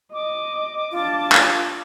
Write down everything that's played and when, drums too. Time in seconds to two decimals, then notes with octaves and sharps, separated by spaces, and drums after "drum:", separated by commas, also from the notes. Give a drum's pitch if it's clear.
0.13 D#5 D6
0.91 D4 F4 A5
1.32 drum: clap